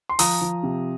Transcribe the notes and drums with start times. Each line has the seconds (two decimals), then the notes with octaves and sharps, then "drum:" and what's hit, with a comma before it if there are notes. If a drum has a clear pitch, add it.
0.09 C6
0.19 F3 A#5 D#6, drum: open hi-hat
0.41 F3
0.63 C3